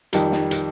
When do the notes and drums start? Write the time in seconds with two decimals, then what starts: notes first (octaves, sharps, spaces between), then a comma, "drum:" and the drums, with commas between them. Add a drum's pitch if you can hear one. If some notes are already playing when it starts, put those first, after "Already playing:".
0.13 F2 D#3 G3, drum: hi-hat
0.32 drum: snare
0.51 drum: hi-hat